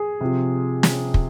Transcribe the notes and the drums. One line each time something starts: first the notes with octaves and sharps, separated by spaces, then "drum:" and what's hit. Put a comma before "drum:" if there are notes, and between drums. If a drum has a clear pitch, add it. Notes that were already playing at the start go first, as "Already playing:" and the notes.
Already playing: G#4
C3 F3
drum: snare
drum: kick